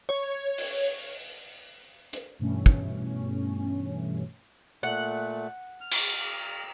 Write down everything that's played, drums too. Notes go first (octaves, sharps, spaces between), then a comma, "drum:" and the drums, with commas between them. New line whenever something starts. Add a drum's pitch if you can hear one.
C#5
drum: open hi-hat
drum: hi-hat
G2 B2 E3 A3 C#4
drum: kick
A#2 A3 F#5
F6
drum: cymbal